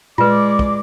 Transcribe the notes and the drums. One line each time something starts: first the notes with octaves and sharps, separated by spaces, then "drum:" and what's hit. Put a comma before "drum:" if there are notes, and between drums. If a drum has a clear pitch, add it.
G#3 F4 B4 D5 D6, drum: tom A#2
drum: kick